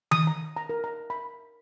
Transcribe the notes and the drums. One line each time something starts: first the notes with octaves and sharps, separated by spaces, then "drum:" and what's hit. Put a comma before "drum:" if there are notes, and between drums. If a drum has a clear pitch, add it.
D#6, drum: tom D#3
A#5
A#5
A#4
A#5
B5